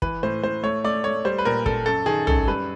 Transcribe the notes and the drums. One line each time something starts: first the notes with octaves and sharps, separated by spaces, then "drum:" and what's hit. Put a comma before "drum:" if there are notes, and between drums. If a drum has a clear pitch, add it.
E3 B4, drum: kick
A2 C5
A2 C5
A3 C#5
A3 D5
A3 C#5
G3 C5
B4
A#2 A#4
A#2 A4, drum: kick
F#2 A4
D#3 G#4
F#2 A4, drum: tom
G3 B4